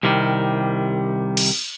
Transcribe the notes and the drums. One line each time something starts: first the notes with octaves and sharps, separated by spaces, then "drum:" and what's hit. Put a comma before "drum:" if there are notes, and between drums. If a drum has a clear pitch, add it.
C2 C3 D#3 G3
drum: cymbal